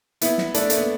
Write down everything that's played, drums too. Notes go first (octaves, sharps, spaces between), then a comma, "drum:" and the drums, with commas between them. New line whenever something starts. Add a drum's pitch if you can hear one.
B3 E4, drum: hi-hat
drum: snare
A3 D4, drum: hi-hat
A3, drum: hi-hat
B3